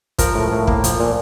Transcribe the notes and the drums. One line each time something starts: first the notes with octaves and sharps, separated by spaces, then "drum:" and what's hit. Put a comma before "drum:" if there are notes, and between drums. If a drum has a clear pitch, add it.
F3 A#4, drum: kick, hi-hat
A2
A2
A#3, drum: kick
F3, drum: hi-hat
A#2